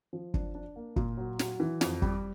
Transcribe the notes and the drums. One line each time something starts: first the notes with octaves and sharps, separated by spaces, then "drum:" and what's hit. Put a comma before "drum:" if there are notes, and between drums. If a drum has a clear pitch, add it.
F3
D4, drum: kick
D4
A#3
A#2, drum: kick
F#3
F#3, drum: snare
E3
F2, drum: snare
G3, drum: kick